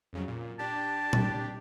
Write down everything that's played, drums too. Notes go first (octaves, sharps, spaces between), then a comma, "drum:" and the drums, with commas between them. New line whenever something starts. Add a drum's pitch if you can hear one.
F2 C#3 F#3
A#2
D4 G4 A5
drum: tom A#2